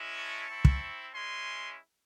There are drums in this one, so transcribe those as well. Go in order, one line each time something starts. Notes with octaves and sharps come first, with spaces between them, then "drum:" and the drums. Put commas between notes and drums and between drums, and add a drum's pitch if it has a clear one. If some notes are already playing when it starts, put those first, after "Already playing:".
Already playing: G#3 C#4 E4
A5 C#6
C4 E4
drum: kick
G#3 C#4 E4 G#5 C6